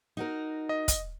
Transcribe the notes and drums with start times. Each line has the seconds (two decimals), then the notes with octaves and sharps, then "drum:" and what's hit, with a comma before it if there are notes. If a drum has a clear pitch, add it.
0.17 D#4 F#4 A#4
0.69 D#5
0.88 drum: kick, hi-hat